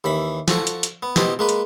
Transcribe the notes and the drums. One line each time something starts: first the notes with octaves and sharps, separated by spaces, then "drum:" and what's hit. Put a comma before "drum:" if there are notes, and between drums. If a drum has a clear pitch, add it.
D#2 E3 B5
F3 F#4 A4, drum: snare
drum: hi-hat
drum: hi-hat
B3
B2 B3 C4 G4 D#5, drum: snare
G#3 A#3 B4
drum: hi-hat